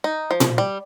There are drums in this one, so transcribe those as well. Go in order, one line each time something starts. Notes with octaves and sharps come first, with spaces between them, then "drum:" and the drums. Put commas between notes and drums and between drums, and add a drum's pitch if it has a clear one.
D#4
F3
drum: tom A#2
G3